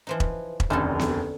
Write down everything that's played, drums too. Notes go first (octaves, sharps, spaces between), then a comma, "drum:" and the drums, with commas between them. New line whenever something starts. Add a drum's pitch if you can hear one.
E3 F3 D#4
drum: kick E1
drum: kick E1
F1 A#1 D#2 D3 C#4 A4
drum: snare B3